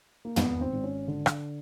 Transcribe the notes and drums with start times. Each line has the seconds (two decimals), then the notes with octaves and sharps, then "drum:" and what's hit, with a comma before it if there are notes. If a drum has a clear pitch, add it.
0.25 A#3
0.36 G#1 B3, drum: tom
0.61 C4
0.73 G#1
0.84 C#4
1.08 D3
1.26 drum: rim click